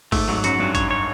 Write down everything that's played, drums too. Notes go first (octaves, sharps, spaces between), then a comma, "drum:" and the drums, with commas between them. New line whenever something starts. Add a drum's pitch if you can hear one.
G#2 A3, drum: kick, open hi-hat
G#2 F#3
F#2 F#4, drum: hi-hat
G2 F#3
C#5, drum: kick, hi-hat
C#5